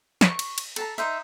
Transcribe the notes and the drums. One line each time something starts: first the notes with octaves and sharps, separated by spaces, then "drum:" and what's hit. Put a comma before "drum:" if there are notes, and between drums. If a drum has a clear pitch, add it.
C#6, drum: snare
drum: cymbal
drum: cymbal
A4 A5 A#5, drum: cymbal
D#4 C5 E5